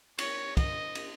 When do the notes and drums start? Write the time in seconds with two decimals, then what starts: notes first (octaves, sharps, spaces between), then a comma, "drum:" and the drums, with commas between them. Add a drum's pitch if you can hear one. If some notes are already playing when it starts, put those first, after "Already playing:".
0.18 C#5, drum: cymbal
0.57 D#5, drum: kick, cymbal
0.95 drum: cymbal